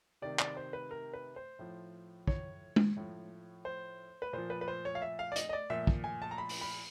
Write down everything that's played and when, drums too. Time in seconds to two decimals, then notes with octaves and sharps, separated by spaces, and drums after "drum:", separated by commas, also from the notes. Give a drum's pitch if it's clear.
0.22 C3 D#3 D5
0.39 D5, drum: clap
0.57 C5
0.73 B4
0.91 A#4
1.13 B4
1.36 C5
1.59 A2 F3
2.27 C#5, drum: kick
2.76 drum: tom G#3
2.97 A2 F3
3.65 C5
4.22 B4
4.33 A#2 F3 C5
4.50 B4
4.61 B4
4.68 C5
4.85 C#5
4.95 F5
5.02 E5
5.19 F5
5.32 D5
5.36 D#5, drum: hi-hat
5.49 D#5
5.53 D5
5.70 A#2 F3 E5
5.87 drum: kick
6.04 G#5
6.22 A5
6.31 A#5
6.38 B5
6.49 drum: open hi-hat
6.61 B5